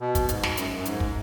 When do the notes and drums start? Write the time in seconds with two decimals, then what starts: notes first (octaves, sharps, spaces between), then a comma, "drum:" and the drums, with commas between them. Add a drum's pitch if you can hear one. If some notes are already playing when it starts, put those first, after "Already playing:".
0.01 B2
0.15 drum: kick, hi-hat
0.29 G#2, drum: hi-hat
0.43 drum: snare
0.57 F#2, drum: hi-hat
0.76 F#2
0.85 G#2, drum: hi-hat
1.00 drum: kick